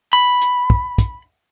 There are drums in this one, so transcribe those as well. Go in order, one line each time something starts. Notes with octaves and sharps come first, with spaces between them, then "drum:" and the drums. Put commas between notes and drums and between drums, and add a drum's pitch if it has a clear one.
B5
drum: hi-hat
drum: kick
drum: kick, hi-hat